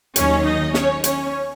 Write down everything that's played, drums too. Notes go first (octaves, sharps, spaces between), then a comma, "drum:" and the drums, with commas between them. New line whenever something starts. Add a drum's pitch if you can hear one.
D#2 D#3 F#3 C#4 C#5, drum: hi-hat
D#4 D#5
C#4 C#5, drum: snare
C#4 C#5, drum: hi-hat